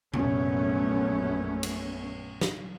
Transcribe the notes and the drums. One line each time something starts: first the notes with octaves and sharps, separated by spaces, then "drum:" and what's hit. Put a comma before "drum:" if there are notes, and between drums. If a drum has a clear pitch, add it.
A#1 F#2 A3 B3 C#4, drum: tom C3
drum: cymbal
drum: snare